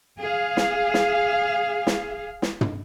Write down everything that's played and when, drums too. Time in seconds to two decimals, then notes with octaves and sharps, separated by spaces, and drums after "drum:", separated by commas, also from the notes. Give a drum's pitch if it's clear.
0.20 G#4 F5
0.57 drum: snare
0.94 drum: snare
1.87 drum: snare
2.42 drum: snare
2.61 drum: tom